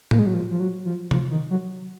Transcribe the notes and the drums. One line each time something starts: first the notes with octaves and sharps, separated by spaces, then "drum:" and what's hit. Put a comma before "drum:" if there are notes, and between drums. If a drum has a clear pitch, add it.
A#3, drum: tom A2
G#3
F#3
F3
F3
F#3
F3
F3, drum: tom C3
D#3
F#3